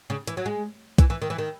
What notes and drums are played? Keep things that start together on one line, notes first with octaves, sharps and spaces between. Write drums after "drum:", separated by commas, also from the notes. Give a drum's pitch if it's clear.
C#3
E3, drum: hi-hat
F#3
G#3
E3, drum: kick B1, hi-hat
E3
D#3
E3
D#3